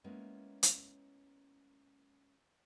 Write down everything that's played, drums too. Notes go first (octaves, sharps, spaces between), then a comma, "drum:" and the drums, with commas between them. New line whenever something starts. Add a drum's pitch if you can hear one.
G#3 A#3 B3 C#4 E4
drum: hi-hat